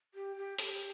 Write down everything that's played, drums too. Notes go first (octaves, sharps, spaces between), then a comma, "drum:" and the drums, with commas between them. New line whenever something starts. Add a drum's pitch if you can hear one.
G4
G4
A4, drum: hi-hat
G4